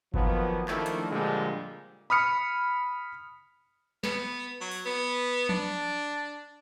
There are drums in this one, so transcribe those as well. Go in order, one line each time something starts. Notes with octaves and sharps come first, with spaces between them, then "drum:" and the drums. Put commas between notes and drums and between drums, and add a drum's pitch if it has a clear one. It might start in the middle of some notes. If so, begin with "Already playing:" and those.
D#3 F3 F#3 A#3 B3, drum: kick G1
D#3 F3 A3 A#3 D4 E4, drum: clap
drum: hi-hat
A#2 D3 F3 G3 G#3
B5 D#6 F6 C#7
B3, drum: snare
F#3
drum: open hi-hat
B3
D4, drum: tom